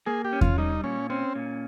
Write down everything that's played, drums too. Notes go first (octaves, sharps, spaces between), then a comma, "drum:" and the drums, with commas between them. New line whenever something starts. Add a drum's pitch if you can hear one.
A#3 G#4
G4
C#4
F4, drum: kick E2
G3 D#4
A#2 C#4
C4 C#4
A#2